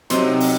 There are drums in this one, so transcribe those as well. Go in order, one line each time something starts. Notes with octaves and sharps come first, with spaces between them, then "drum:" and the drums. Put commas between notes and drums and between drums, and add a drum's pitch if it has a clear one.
C3 F#3 C4 D#4 C6, drum: hi-hat
drum: open hi-hat